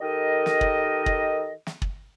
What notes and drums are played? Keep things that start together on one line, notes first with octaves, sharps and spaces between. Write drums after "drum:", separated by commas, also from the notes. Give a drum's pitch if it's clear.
D#3 G4 A4 A#4 D#5
drum: snare
drum: kick
drum: kick
drum: snare
drum: kick